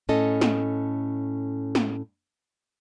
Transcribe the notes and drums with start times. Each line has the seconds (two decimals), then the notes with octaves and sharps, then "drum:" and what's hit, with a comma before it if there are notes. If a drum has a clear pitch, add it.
0.09 A2 C#4 A4 D#5
0.41 drum: snare
1.75 drum: snare